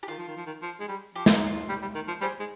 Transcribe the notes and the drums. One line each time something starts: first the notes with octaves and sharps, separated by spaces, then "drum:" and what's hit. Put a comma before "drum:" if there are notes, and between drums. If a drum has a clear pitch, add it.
G4
D#3 F4
F3
D#3
F3
D#3
F3
G#3
G3
F3 G4
F4, drum: snare
D#4
F4
G3
G3
D#3
F3
G3 G#4 C5
G#3